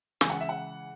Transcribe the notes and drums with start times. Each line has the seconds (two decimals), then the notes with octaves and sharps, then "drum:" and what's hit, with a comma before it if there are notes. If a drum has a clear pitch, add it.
0.21 C#3 E3 G#3 G#5, drum: snare
0.30 F#5
0.40 E5
0.49 F#5